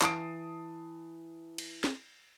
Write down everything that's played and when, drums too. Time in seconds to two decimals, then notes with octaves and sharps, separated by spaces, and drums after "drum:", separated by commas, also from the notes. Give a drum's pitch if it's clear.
0.02 E3 A5 D#6 C7 D7, drum: clap
1.58 drum: cymbal
1.84 drum: snare